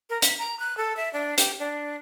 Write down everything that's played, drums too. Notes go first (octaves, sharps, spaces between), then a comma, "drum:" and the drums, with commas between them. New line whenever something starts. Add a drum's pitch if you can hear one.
A#4
B6, drum: hi-hat
A#5
F#6
A4
E5
D4
G4, drum: hi-hat
D4